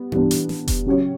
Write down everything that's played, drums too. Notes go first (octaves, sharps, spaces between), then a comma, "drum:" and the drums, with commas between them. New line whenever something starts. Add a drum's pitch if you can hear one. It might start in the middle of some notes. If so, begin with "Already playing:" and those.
Already playing: G3 B3
E3 G3 B3 D4, drum: tom G2
drum: hi-hat
drum: snare
drum: kick F1, hi-hat
C#3 F#3 C#4 G4 C#5